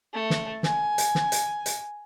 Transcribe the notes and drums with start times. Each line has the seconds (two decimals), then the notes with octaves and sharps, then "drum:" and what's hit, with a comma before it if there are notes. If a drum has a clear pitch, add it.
0.13 A3
0.30 drum: snare
0.63 G#5, drum: snare
0.98 drum: hi-hat
1.15 drum: snare
1.32 drum: hi-hat
1.66 drum: hi-hat